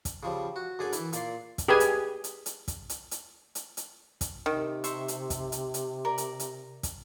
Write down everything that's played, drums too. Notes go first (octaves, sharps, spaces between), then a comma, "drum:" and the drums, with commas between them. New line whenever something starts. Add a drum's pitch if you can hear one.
drum: kick, hi-hat
C#3 F3 G3
F#4
F#2 D3 G#4 D5 G#5 D6
E3 E4, drum: hi-hat
A#2 D5 C6, drum: hi-hat
drum: kick, hi-hat
G4 G#4 B4 G#5
drum: hi-hat
drum: hi-hat
drum: hi-hat
drum: kick, hi-hat
drum: hi-hat
drum: hi-hat
drum: hi-hat
drum: hi-hat
drum: kick, hi-hat
C3 D#3
C5 E5 C#6, drum: hi-hat
drum: hi-hat
drum: kick, hi-hat
drum: hi-hat
drum: hi-hat
A#4 D5
drum: hi-hat
drum: hi-hat
drum: kick, hi-hat